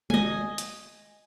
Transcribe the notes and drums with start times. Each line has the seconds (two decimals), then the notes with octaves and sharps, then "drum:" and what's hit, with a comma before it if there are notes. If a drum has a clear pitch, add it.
0.10 D#5 G#5, drum: tom
0.58 drum: hi-hat